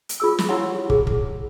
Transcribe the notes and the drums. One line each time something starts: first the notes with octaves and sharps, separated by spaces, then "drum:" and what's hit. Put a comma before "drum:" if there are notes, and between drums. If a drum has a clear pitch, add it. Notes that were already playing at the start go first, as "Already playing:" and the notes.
drum: hi-hat
F4 G#4 E6
drum: snare
E4 G4 C#5 F#5 C6
G#4, drum: kick
drum: kick